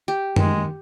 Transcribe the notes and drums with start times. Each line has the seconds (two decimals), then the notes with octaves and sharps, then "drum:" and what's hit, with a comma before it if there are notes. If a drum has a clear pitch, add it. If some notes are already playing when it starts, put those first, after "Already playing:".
0.08 G4
0.36 D#3 G#3, drum: tom F#2